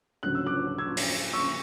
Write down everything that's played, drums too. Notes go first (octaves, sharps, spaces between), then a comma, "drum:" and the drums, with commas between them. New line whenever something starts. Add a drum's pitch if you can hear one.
D2 C#3 F#3 F#6
E6
D6 F#6
E6 G#6
drum: open hi-hat
C#6 E6